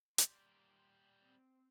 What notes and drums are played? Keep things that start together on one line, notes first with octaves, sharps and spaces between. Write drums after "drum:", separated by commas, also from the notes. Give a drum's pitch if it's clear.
A#2 G3 C6 D6, drum: hi-hat
C4